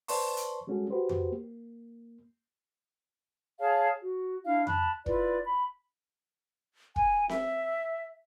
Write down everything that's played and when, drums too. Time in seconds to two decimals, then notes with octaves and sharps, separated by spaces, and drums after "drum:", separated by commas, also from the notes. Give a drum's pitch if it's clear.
0.08 B4 C5 D5 A5 C6 C#6, drum: open hi-hat
0.37 drum: hi-hat
0.67 G3 G#3 C#4 F#4 G#4 A4
0.90 F#4 G4 B4 C5
1.09 drum: tom F2
1.32 A#3
3.60 G#4 C#5 F5 A5
4.02 F#4
4.46 D4 E4 F5
4.67 A5 B5 F#6, drum: tom F2
5.06 E4 F4 B4 D5, drum: kick
5.46 B5
6.96 G#5, drum: kick
7.29 E5, drum: snare C4